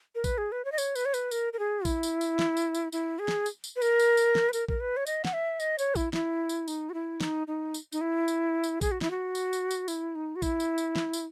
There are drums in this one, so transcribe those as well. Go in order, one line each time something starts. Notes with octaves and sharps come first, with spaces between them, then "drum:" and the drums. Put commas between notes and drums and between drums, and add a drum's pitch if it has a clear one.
A#4
B4, drum: kick, tambourine
G#4
B4
C#5
D#5
C#5, drum: tambourine
B4, drum: tambourine
C#5
B4, drum: tambourine
A#4, drum: tambourine
A#4
G#4
E4, drum: kick, tambourine
drum: tambourine
drum: tambourine
drum: snare
drum: tambourine
drum: tambourine
E4, drum: tambourine
G#4
drum: snare
drum: tambourine
drum: tambourine
B4
A#4, drum: tambourine
drum: tambourine
drum: tambourine
drum: snare
B4
A#4, drum: tambourine
A#4, drum: kick
B4
C#5
D#5, drum: tambourine
F#5, drum: snare
E5
D#5, drum: tambourine
C#5, drum: tambourine
E4, drum: kick, tambourine
E4, drum: snare
drum: tambourine
D#4, drum: tambourine
F#4
E4
D#4, drum: snare
D#4
drum: tambourine
D#4, drum: tambourine
E4
drum: tambourine
drum: tambourine
G#4, drum: kick, tambourine
F#4
E4, drum: snare
F#4
drum: tambourine
drum: tambourine
drum: tambourine
E4, drum: tambourine
D#4
F#4
E4, drum: kick, tambourine
drum: tambourine
drum: tambourine
drum: snare
drum: tambourine